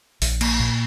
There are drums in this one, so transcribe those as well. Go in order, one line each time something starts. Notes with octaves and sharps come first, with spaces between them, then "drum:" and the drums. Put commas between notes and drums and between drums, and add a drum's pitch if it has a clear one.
A#1, drum: open hi-hat
A#3, drum: cymbal
A#2